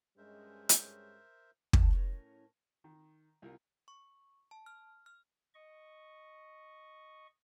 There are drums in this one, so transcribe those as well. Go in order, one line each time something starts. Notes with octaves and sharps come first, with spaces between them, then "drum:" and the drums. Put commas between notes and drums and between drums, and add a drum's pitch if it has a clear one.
G2 G#3 C#4 A#4 C5 E5
drum: hi-hat
F#2 A#2 D4 D#4 G5 A5, drum: kick
A2 C#4 A#4
D#3
C2 F4 A#4
C#6
A5
F6
F6
D#5 C#6